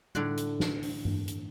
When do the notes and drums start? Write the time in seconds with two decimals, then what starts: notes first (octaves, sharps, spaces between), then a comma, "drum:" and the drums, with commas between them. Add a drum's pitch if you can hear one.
0.15 A2 D3 D5 F#5, drum: tom G3
0.37 drum: hi-hat
0.60 drum: snare
0.83 drum: open hi-hat
1.05 drum: tom G2
1.28 drum: hi-hat